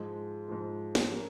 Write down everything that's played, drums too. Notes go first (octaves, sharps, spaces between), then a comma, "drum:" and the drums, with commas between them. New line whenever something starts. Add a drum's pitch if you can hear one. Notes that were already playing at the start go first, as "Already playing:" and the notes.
Already playing: G#2 F3 G#3
G#2 F3 G#3
drum: snare
F3 C#4 A#4